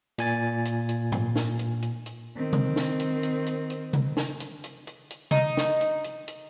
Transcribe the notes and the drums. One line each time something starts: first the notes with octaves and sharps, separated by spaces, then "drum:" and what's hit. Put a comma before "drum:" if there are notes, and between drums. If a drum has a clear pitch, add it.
A#2 G#5 A6, drum: hi-hat
drum: hi-hat
drum: hi-hat
drum: tom G#2
drum: snare
drum: hi-hat
drum: hi-hat
drum: hi-hat
D#3 C4
drum: tom C3
drum: snare
drum: hi-hat
drum: hi-hat
drum: hi-hat
drum: hi-hat
drum: tom C3
drum: snare
drum: hi-hat
drum: hi-hat
drum: hi-hat
drum: hi-hat
D#4, drum: tom C3
drum: snare
drum: hi-hat
drum: hi-hat
drum: hi-hat